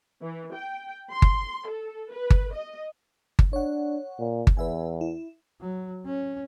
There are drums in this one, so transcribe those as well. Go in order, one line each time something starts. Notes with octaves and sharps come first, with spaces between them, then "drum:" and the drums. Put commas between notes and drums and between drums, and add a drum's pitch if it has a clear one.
E3
G5
C6
drum: kick G1
A4
B4
drum: kick G1
D#5
drum: kick G1
D4 C#5 F#5
A#2
drum: kick G1
E2 B4 E5 G#5
E4
F#3
C#4